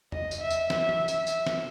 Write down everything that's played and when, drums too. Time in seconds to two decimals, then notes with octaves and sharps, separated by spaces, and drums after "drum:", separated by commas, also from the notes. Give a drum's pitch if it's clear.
0.12 D#5, drum: tom E2
0.31 drum: tambourine
0.41 E5
0.50 drum: tambourine
0.70 E5, drum: snare
0.89 drum: tom E3
1.08 drum: tambourine
1.27 E5, drum: tambourine
1.46 drum: snare